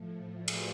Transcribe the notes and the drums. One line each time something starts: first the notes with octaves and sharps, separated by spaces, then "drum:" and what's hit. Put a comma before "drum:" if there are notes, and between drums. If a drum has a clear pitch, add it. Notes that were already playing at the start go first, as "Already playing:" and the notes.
Already playing: A2 F3 A3
D5 E5
drum: cymbal